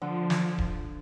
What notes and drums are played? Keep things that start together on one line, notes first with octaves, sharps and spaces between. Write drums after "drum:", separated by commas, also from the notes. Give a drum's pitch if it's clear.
D3 F3
drum: snare
drum: kick D1